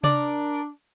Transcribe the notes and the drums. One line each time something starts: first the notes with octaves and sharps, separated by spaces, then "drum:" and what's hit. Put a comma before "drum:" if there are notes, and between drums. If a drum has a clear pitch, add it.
D4 A#4 D5, drum: tom C3